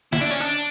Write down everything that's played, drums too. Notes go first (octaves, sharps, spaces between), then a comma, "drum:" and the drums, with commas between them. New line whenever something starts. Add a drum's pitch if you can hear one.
E4, drum: snare
D4
C#4
D4